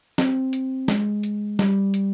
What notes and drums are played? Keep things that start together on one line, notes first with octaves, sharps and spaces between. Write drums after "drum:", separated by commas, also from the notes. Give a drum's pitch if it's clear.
C4, drum: snare
drum: hi-hat
G#3, drum: snare
drum: hi-hat
G3, drum: snare
drum: hi-hat